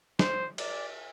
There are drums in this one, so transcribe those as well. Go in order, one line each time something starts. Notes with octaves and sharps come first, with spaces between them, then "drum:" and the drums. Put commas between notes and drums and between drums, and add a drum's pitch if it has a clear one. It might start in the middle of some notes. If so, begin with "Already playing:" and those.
C5, drum: snare
D5, drum: cymbal